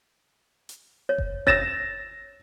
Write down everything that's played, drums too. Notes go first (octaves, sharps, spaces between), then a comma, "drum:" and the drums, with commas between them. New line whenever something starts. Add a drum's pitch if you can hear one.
drum: hi-hat
C#5
drum: kick F#1
C#5 E6 A6 A#6 E7, drum: kick F#1